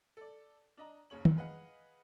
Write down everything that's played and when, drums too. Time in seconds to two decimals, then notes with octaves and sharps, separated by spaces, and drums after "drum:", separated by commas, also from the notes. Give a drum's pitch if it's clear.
0.17 A4 D5
0.77 D4 D#5 A#5
1.10 F#1 D#2 C#3 C#5 F#7
1.25 C#2 F#2, drum: tom
1.37 G#4 B4 D#5 F5 F#5